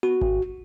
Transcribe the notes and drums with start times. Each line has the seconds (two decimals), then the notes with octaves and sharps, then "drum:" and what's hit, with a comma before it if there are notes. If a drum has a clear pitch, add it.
0.03 F#4, drum: tom B3
0.21 drum: kick G#1